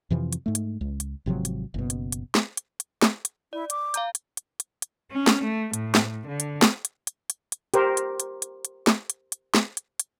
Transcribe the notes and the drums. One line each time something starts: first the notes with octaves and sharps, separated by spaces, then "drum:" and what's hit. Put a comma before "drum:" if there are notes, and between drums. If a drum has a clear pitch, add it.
F2 C3 E3 F3
drum: hi-hat
G#2 A3
drum: hi-hat
C#2
drum: hi-hat
G#1 C3 F3 F#3
drum: hi-hat
F#1 B2
drum: hi-hat
drum: hi-hat
drum: snare
drum: hi-hat
drum: hi-hat
drum: snare
drum: hi-hat
E4 D5
D6, drum: hi-hat
F5 A#5 G6, drum: hi-hat
drum: hi-hat
drum: hi-hat
drum: hi-hat
drum: hi-hat
C#4
drum: snare
A3
A2, drum: hi-hat
drum: snare
D3
drum: hi-hat
drum: snare
drum: hi-hat
drum: hi-hat
drum: hi-hat
drum: hi-hat
G4 A#4 C5, drum: hi-hat
drum: hi-hat
drum: hi-hat
drum: hi-hat
drum: hi-hat
drum: snare
drum: hi-hat
drum: hi-hat
drum: snare
drum: hi-hat
drum: hi-hat